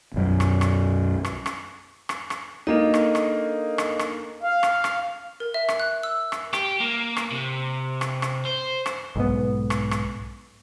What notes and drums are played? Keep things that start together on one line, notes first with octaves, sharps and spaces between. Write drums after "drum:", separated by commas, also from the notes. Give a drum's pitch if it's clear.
B1 F#2
drum: rim click
drum: rim click
drum: rim click
drum: rim click
drum: rim click
drum: rim click
A#3 D4 D#4 A4 D#5
drum: rim click
drum: rim click
drum: rim click
drum: rim click
F5
drum: rim click
drum: rim click
A#4
E5
drum: rim click
F#6
E6
drum: rim click
G4, drum: rim click
A#3
drum: rim click
C3
drum: rim click
drum: rim click
C5
drum: rim click
B1 G#2 B3
drum: rim click
drum: rim click